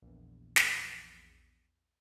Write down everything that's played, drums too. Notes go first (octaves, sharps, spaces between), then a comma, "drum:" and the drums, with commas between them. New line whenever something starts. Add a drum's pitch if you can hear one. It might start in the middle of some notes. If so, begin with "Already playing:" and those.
A#1 E2
drum: snare